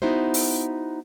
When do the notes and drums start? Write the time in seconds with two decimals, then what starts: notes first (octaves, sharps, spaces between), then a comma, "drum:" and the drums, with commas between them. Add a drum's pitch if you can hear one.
0.02 B3 D#4 E4 F#4 C5
0.34 drum: open hi-hat